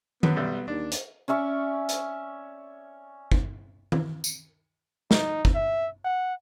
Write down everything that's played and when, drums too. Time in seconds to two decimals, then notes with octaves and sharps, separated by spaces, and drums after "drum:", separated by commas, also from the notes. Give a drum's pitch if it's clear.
0.23 F#2 B3, drum: tom D#3
0.36 B1 G3 E5
0.68 D#2 D4
0.92 drum: hi-hat
1.28 C#4 D5 E5 C#6
1.89 drum: hi-hat
3.32 drum: kick G1
3.92 drum: tom D#3
4.24 drum: tambourine
5.11 D#4, drum: snare
5.45 drum: kick G1
5.55 E5
6.05 F#5